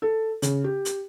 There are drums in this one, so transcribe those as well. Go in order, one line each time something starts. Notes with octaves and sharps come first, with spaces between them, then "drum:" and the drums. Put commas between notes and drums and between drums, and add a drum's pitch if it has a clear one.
A4
C#3, drum: hi-hat
G4
drum: hi-hat